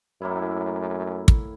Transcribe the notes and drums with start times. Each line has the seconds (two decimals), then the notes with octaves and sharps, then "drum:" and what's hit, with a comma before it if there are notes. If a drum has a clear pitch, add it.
0.22 F#2 A2 A#3 E4
1.28 drum: kick